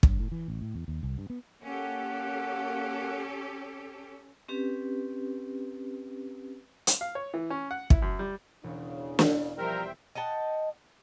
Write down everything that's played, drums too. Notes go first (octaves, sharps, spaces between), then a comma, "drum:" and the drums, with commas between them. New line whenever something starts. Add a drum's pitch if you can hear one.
G2, drum: kick
A2
E3
A1
A2
E2
D#2
C2
G2
B3
A#3 C#4 G4 A4 F#5
C4 C#4 G4 B4
drum: hi-hat
F5
C#5
E3
C#4
F#5
E4, drum: kick
F#2
G3
E1 C#3 D4
drum: snare
F3 G3 A#4 C5 E5 G5
D#5 F#5 G5 A5